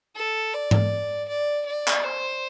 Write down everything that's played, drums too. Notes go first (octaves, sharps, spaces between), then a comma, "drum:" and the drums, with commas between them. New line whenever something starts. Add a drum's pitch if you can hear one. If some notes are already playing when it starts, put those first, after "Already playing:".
A4
D5
drum: tom G#2
D5
D5
drum: clap
C5